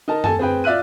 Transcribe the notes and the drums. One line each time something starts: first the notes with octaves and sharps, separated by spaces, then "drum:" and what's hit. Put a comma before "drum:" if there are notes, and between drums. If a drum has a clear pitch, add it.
D#4 A#4 A5
A4 G#5 A5, drum: tom F#2
C4 G#4 B4 G5
F4 D5 E5 F5 F#6 D#7